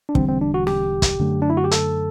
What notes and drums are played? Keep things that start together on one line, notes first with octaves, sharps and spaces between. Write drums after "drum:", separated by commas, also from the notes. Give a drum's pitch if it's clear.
D4
E1 E2 D3 G3 C4, drum: kick
C4
D4
F#4
G4, drum: snare
drum: kick, hi-hat
F#2 D3 A3
D4
E4
F#4
G4
A4, drum: hi-hat